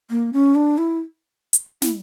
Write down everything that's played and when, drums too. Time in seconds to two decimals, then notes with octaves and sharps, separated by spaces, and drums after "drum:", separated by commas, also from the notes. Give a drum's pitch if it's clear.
0.10 A#3
0.33 C#4
0.55 D4
0.78 E4
1.53 drum: hi-hat
1.82 E4, drum: snare